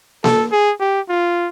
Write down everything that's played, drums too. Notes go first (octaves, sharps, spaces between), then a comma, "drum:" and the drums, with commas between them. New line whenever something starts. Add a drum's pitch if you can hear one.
A4, drum: snare A#3
G#4
G4
F4